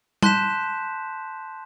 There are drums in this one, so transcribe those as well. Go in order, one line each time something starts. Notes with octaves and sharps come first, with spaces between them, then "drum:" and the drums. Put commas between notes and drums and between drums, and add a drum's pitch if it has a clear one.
A5 C6 F#6 G6 B6 E7, drum: tom G3